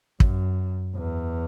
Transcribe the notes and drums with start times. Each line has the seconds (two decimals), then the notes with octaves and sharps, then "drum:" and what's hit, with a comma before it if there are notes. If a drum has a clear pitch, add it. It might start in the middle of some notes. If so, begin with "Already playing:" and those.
0.20 F#2, drum: kick
0.96 E2